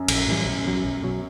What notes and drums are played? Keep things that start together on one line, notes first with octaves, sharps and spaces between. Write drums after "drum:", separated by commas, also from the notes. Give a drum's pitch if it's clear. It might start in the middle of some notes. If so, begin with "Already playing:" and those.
Already playing: F#2
A#1, drum: cymbal
A2 E3 G3
B1
B2 F#3
B1
B2 F#3